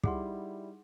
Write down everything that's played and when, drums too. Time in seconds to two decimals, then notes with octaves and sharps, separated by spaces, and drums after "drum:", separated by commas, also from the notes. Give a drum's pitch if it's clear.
0.04 G3 D#4 E4 G#4 F#5 C6, drum: kick